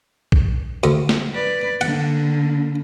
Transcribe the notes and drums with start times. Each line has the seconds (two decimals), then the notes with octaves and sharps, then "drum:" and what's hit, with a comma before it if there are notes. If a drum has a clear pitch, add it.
0.32 drum: kick A#1
0.84 D2, drum: hi-hat
1.09 drum: snare
1.35 B4 D5
1.81 D3 A#3 F#5, drum: cymbal